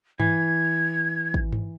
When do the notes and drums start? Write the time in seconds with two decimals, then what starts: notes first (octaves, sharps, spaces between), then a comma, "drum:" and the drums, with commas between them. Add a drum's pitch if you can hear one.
0.20 E3 G#6, drum: tom G2
1.34 drum: kick
1.52 drum: tom G2